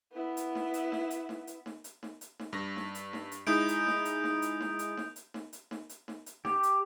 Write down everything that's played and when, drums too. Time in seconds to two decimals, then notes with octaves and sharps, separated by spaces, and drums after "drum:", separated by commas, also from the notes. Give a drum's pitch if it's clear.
0.13 B3 E4
0.37 drum: hi-hat
0.55 drum: snare D#4
0.74 drum: hi-hat
0.92 drum: snare D#4
1.10 drum: hi-hat
1.29 drum: snare D#4
1.47 drum: hi-hat
1.66 drum: snare D#4
1.84 drum: hi-hat
2.03 drum: snare D#4
2.21 drum: hi-hat
2.39 drum: snare D#4
2.53 G2 A#6
2.76 drum: snare D#4
2.95 drum: hi-hat
3.13 drum: snare D#4
3.32 drum: hi-hat
3.47 G#3 D#4 E4 D#6 G6 D7
3.68 drum: hi-hat
3.87 drum: snare D#4
4.05 drum: hi-hat
4.24 drum: snare D#4
4.42 drum: hi-hat
4.61 drum: snare D#4
4.79 drum: hi-hat
4.97 drum: snare D#4
5.16 drum: hi-hat
5.34 drum: snare D#4
5.53 drum: hi-hat
5.71 drum: snare D#4
5.89 drum: hi-hat
6.08 drum: snare D#4
6.26 drum: hi-hat
6.45 G4, drum: snare D#4
6.63 drum: hi-hat